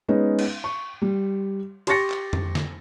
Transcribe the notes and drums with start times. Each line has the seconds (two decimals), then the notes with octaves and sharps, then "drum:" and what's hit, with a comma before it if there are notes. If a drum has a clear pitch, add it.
0.08 G#3 B3 C#4 D#4
0.39 drum: cymbal
0.64 C#6
1.02 G3
1.87 G4 C6 C#6 A6 A#6 C#7, drum: cymbal
2.10 drum: clap
2.33 drum: tom F2
2.55 drum: snare